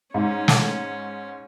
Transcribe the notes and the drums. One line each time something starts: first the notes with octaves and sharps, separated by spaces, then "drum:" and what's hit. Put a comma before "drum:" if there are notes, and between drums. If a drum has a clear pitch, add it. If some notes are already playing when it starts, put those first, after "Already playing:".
G#2 C#4
drum: snare